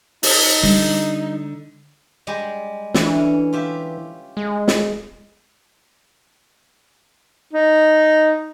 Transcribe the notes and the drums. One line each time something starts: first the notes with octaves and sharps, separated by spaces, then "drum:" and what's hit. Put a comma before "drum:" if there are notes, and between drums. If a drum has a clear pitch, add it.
D#4, drum: open hi-hat
D3 G3
G3 G#3 G4
D3 E3, drum: snare
C#4
F4 G4 E5
G#3
drum: snare
D#4